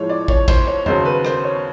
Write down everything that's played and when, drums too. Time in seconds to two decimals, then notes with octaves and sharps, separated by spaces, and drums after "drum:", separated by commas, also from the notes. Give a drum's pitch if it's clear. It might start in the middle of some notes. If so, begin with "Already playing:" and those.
Already playing: A2 F3 G#3 C5 C#5
0.09 D5
0.28 C#5, drum: kick
0.48 C5, drum: kick, cymbal
0.67 C#5
0.86 D#2 C#3 F#3 C5, drum: tom
1.05 B4
1.25 C5, drum: rim click
1.44 C#5